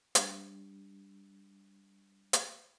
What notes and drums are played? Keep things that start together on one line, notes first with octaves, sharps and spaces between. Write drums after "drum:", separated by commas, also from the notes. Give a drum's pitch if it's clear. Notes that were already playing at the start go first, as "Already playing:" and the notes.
G3 D4, drum: hi-hat
drum: hi-hat